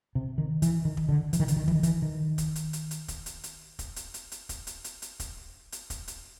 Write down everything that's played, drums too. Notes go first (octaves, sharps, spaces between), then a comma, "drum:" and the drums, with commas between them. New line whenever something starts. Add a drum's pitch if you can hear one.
C3
D#3
E3, drum: hi-hat
D#3
drum: kick
D3
E3, drum: hi-hat
D#3
D3, drum: hi-hat
D#3
E3, drum: kick
D#3
E3, drum: hi-hat
D#3
drum: kick, hi-hat
drum: hi-hat
drum: hi-hat
drum: hi-hat
drum: kick, hi-hat
drum: hi-hat
drum: hi-hat
drum: kick, hi-hat
drum: hi-hat
drum: hi-hat
drum: hi-hat
drum: kick, hi-hat
drum: hi-hat
drum: hi-hat
drum: hi-hat
drum: kick, hi-hat
drum: hi-hat
drum: kick, hi-hat
drum: hi-hat